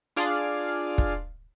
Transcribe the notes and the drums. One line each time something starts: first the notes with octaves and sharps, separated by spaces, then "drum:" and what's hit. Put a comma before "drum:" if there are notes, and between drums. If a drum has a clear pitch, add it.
D4 F4 G#4 D5 F5, drum: hi-hat
drum: kick